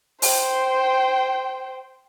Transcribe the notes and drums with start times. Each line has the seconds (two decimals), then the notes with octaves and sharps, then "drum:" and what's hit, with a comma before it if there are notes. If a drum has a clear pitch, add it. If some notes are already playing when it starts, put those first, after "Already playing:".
0.22 C5 G5, drum: open hi-hat